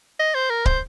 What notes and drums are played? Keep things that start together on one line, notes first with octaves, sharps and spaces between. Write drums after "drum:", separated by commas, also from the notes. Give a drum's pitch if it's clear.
D#5
C5
A#4
C5, drum: kick